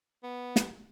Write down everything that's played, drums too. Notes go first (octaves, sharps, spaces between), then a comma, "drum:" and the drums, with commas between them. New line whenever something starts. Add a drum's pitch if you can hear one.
B3
drum: snare